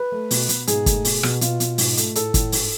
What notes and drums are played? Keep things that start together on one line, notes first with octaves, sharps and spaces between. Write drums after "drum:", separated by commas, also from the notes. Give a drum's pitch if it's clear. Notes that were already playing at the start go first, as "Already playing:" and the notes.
Already playing: B4
A3
B2, drum: open hi-hat
B2, drum: hi-hat
G#2 G#4, drum: hi-hat
A3, drum: kick, hi-hat
B2, drum: open hi-hat
B2, drum: rim click
B2 F4, drum: hi-hat
B2, drum: hi-hat
G#2, drum: open hi-hat
A3, drum: hi-hat
A2 A4, drum: hi-hat
A2, drum: kick, hi-hat
G#2, drum: open hi-hat